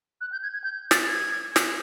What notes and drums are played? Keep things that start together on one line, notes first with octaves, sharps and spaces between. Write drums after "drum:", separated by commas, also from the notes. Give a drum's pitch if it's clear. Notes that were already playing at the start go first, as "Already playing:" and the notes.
F#6
G6
G#6
G#6
G6
A6, drum: snare
G#6
drum: snare